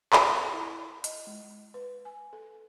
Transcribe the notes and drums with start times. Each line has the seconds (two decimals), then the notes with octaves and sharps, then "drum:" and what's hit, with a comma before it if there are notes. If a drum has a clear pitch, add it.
0.13 drum: clap
0.24 A4
0.53 E4
1.04 D#5, drum: hi-hat
1.27 G#3
1.74 B4
2.05 G#5
2.33 A4